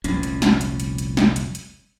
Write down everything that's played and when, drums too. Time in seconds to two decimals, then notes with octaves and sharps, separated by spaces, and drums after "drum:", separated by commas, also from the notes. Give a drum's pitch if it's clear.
0.04 F1 C2 A#2 C#4, drum: hi-hat
0.23 drum: hi-hat
0.42 drum: snare
0.61 drum: hi-hat
0.80 drum: hi-hat
0.98 drum: hi-hat
1.17 drum: snare
1.36 drum: hi-hat
1.55 drum: hi-hat